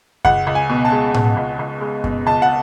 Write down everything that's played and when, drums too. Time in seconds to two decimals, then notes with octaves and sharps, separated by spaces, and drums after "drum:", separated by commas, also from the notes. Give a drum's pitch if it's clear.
0.25 C#2 F#5, drum: kick F#2
0.47 C#2
0.55 G#5
0.70 B2
0.85 A5
0.92 G#3
1.14 B2, drum: tom A2
1.37 C#2
1.59 C#2
1.81 G#3
2.04 B2, drum: kick F#2
2.26 C#2 A5
2.42 F#5